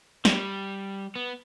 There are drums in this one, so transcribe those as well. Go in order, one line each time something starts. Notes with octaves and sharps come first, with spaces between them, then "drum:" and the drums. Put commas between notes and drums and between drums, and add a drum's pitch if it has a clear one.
G3, drum: snare
B3